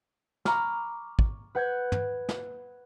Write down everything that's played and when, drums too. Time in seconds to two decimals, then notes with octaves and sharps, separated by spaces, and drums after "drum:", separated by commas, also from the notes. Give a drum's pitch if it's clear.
0.45 A#5 B5 C#6 D6 F6, drum: snare
1.19 drum: kick
1.55 B4 F#5 G6 G#6
1.92 drum: tom
2.29 drum: snare